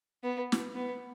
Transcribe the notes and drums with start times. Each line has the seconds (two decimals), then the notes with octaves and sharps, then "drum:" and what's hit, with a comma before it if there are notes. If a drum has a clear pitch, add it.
0.24 B3
0.52 drum: snare
0.75 B3